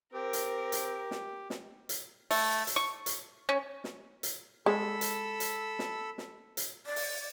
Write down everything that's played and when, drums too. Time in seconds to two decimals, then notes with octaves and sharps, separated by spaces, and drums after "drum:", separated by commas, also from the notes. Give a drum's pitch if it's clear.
0.14 C4 G4 A#4
0.33 drum: hi-hat
0.72 drum: hi-hat
1.11 drum: snare
1.50 drum: snare
1.89 drum: hi-hat
2.31 A3, drum: open hi-hat
2.67 drum: hi-hat
2.76 C#6
3.06 drum: hi-hat
3.49 C#4
3.84 drum: snare
4.23 drum: hi-hat
4.66 G#3 A4 B5 E6
5.01 drum: hi-hat
5.40 drum: hi-hat
5.79 drum: snare
6.18 drum: snare
6.57 drum: hi-hat
6.86 D5
6.96 drum: open hi-hat